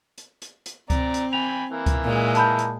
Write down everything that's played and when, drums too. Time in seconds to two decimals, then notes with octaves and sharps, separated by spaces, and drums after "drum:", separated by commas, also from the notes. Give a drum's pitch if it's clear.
0.18 drum: hi-hat
0.42 drum: hi-hat
0.66 drum: hi-hat
0.90 C4 D5 A#5, drum: kick C#2, hi-hat
1.14 drum: hi-hat
1.33 G5 G#5 B5 F7
1.71 E3 A#3 E4
1.86 drum: kick C#2, hi-hat
2.04 A#2 G#3
2.35 A5 B5 G6, drum: hi-hat
2.59 drum: hi-hat